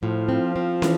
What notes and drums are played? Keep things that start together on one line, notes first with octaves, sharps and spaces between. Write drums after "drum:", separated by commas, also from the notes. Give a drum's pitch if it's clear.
A2 F3
C4
C4
E3, drum: snare